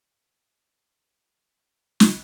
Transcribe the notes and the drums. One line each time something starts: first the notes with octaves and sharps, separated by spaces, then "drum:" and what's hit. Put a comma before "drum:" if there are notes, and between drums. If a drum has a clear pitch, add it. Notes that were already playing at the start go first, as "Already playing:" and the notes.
C#6
B4
drum: snare